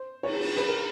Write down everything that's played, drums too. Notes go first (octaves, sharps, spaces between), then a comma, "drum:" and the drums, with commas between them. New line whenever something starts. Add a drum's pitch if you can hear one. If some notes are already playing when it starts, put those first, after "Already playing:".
Already playing: C5
C#5, drum: cymbal
drum: cymbal
B4, drum: rim click
A#4